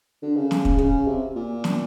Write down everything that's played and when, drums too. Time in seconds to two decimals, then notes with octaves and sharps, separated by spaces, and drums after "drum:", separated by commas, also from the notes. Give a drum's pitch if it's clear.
0.22 D3
0.37 C#3
0.51 drum: snare
0.65 drum: kick
0.78 C#3, drum: kick
1.07 C3
1.36 A#2
1.64 drum: snare